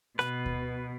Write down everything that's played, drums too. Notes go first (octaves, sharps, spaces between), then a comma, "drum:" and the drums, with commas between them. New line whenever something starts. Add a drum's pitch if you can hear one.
B2 B4, drum: rim click
drum: kick D2